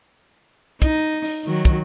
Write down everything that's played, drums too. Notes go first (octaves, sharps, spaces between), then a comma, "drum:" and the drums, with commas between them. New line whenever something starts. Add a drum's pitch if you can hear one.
D#4, drum: kick, hi-hat
drum: open hi-hat
D#3 F#3
drum: kick, hi-hat